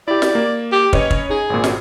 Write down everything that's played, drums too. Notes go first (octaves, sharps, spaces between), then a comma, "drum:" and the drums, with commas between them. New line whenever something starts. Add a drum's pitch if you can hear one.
E4 G4 D5
drum: snare
A#3
G4
C#4 B4 C#5 D#5, drum: kick
drum: kick
D#4 G#4
G#1 A#2
drum: snare